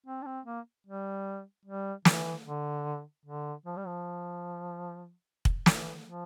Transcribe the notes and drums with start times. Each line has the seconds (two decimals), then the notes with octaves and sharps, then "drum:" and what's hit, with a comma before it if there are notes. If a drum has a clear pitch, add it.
0.06 C4
0.22 D4
0.26 C4
0.46 A#3
0.87 G3
1.65 G3
2.05 E3, drum: snare
2.46 D3
3.26 D3
3.66 F3
3.77 G3
3.87 F3
5.45 drum: kick
5.66 E3, drum: snare
6.06 F3